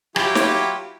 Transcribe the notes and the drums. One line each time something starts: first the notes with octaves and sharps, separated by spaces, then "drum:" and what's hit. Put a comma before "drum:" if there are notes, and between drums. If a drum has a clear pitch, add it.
F#3 E4 F4 G4, drum: rim click
drum: snare